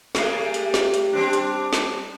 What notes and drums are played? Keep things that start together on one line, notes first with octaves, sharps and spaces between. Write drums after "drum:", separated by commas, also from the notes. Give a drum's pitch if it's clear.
G3 A3 G#4, drum: snare
drum: hi-hat
drum: snare
drum: hi-hat
G3 C4 D4
drum: hi-hat
drum: snare